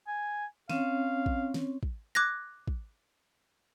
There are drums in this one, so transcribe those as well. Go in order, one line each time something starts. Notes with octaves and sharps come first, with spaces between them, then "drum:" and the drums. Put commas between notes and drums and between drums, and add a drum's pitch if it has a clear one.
G#5
C4 C#4 C#5 F5, drum: snare
drum: kick
drum: snare
drum: kick
D6 F#6 G#6 A#6
drum: kick